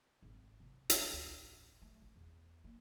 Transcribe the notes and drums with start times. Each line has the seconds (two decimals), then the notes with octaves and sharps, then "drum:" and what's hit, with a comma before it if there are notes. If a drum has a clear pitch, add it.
0.22 G#1
0.60 C3
0.90 D3, drum: hi-hat
1.13 D2
1.26 A1
1.82 A3
2.02 A1
2.16 E2
2.64 A#3